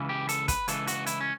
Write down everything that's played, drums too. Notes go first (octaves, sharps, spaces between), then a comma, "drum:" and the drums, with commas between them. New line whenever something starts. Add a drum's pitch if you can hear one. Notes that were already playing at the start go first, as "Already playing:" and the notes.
Already playing: C#2 C#3 E3
G4
A4, drum: hi-hat
B4, drum: kick, hi-hat
C#2 C#3 E3 A4, drum: hi-hat
F#4, drum: hi-hat
E4, drum: hi-hat
C#4